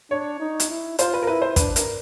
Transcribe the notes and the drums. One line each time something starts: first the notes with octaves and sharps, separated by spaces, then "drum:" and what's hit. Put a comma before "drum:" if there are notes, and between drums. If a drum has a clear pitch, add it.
D4 C#5
D#4
drum: hi-hat
E4
F4 C5, drum: hi-hat
B4
A#4
E4 B4
C5
D4 B4, drum: kick, hi-hat
A#4, drum: hi-hat